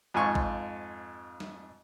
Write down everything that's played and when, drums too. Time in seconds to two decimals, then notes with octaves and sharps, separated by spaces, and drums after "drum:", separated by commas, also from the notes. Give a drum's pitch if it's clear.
0.14 F2 G#2 F4 G#5 C#6
0.35 drum: kick A1
1.40 drum: snare